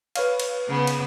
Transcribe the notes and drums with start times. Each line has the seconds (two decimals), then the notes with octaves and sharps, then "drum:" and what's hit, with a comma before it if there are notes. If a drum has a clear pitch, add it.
0.16 B4 C#5 F5, drum: cymbal
0.39 drum: cymbal
0.68 C#3 B3
0.87 drum: cymbal